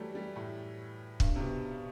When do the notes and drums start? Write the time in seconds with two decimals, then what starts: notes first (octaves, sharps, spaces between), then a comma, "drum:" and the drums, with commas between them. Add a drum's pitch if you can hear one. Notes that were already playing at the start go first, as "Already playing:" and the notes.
Already playing: E3 F#3 G3 A3
0.15 G3
0.36 A2
1.20 G2, drum: kick
1.36 C3
1.40 B2